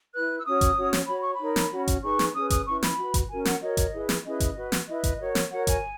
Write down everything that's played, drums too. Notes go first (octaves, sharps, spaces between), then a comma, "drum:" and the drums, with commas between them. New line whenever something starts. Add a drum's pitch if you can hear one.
E4 B4 F#6
E6
C#4 F#4 C#5 D#6
drum: kick G1, hi-hat
C#4 F#4 C#5
drum: snare
F#4 C#5 B5
C#6
B5
D#4 A#4 C#5
drum: snare
C#4 F#4 C#5
drum: kick G1, hi-hat
D#4 G#4 B4 C#6
drum: snare
C#4 G#4 B4 D#6
D#6, drum: kick G1, hi-hat
C#4 E4 B4 C#6
B5, drum: snare
F#4 B4
drum: kick G1, hi-hat
C#4 F#4 A#4 G#5
F#5, drum: snare
F#4 A#4 C#5 D#5
drum: kick G1, hi-hat
E4 G#4 B4
drum: snare
C#4 E4 G#4 B4 D#5
drum: kick G1, hi-hat
F#4 B4
drum: snare
E4 B4 D#5
drum: kick G1, hi-hat
F#4 A#4 C#5
drum: snare
F#4 A#4 C#5 F#5
G#5, drum: kick G1, hi-hat